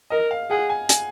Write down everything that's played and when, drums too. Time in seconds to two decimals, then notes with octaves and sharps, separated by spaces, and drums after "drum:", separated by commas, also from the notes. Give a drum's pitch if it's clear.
0.10 A#4 D#5
0.31 F5
0.50 G#4 F#5
0.70 G#5
0.89 G#5, drum: hi-hat